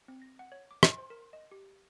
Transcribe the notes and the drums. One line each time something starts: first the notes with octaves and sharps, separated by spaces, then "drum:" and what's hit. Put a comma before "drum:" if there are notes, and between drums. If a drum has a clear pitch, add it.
C4
A#6
F#5
C#5
D6
C5, drum: rim click
C5
A#4
D#5
G4